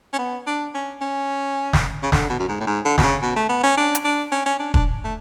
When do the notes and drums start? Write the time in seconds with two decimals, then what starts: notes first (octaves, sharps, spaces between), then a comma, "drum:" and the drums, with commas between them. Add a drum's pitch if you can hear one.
0.13 C#4
0.18 B3
0.47 D4
0.74 C#4
1.01 C#4
1.73 drum: snare
2.03 C#3
2.12 D3, drum: snare
2.30 B2
2.39 F#2
2.49 G#2
2.60 A2
2.67 G#2
2.85 D3
2.98 B2, drum: snare
3.03 C#3
3.22 B2
3.36 A3
3.49 B3
3.63 C#4
3.77 D4
3.95 drum: hi-hat
4.04 D4
4.32 C#4
4.46 C#4
4.59 D4
4.74 D4, drum: kick E1
5.04 A3